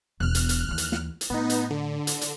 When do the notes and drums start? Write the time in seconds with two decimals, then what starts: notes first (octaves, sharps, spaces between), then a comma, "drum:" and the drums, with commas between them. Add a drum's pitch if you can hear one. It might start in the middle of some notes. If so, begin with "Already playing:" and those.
0.20 E1 B2 F6 F#6
0.35 drum: hi-hat
0.49 drum: hi-hat
0.68 D#2 E3
0.78 drum: hi-hat
0.92 drum: snare
1.21 drum: hi-hat
1.30 A2 B3 D#4
1.50 drum: hi-hat
1.71 D3
2.07 drum: hi-hat
2.21 drum: hi-hat